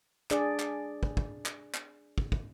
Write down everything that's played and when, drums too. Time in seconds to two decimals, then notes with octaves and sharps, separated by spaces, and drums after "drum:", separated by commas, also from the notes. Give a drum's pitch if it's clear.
0.31 D4 G#4 D5, drum: clap
0.59 drum: clap
1.03 drum: kick
1.17 drum: kick
1.46 drum: clap
1.74 drum: clap
2.18 drum: kick
2.32 drum: kick